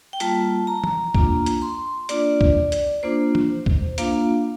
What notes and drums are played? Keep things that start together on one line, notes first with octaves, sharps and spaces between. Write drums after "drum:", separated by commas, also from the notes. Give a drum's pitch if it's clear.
G5
G3 A#3 F4 A5, drum: hi-hat
A#5
drum: tom
A#3 D4 F4 A#5, drum: kick
drum: hi-hat
C6
A#3 D4 F4 D5, drum: hi-hat
drum: kick
drum: hi-hat
A#3 D4 F4 C5
drum: tom
drum: kick
A#3 D4 F4 F5, drum: hi-hat